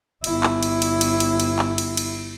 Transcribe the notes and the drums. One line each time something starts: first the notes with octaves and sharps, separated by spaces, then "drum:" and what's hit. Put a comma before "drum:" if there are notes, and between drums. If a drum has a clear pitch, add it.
G1 E4, drum: cymbal
drum: clap
drum: cymbal
drum: cymbal
drum: cymbal
drum: cymbal
drum: cymbal
drum: clap
drum: cymbal
drum: cymbal